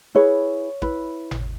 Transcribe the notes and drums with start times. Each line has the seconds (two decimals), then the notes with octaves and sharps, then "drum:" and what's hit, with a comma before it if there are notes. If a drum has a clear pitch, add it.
0.15 E4 G#4 B4 C#5
0.82 E4 B4, drum: kick
1.31 drum: tom G#1